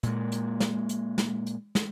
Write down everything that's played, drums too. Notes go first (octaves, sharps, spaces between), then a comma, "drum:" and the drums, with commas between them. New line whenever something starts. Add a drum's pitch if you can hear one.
A#2 G#3, drum: hi-hat
drum: hi-hat
drum: snare
drum: hi-hat
drum: snare
drum: hi-hat
drum: snare